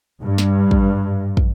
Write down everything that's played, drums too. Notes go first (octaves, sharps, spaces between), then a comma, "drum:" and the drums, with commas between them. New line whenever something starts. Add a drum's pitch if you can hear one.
G2
drum: snare
drum: kick
drum: kick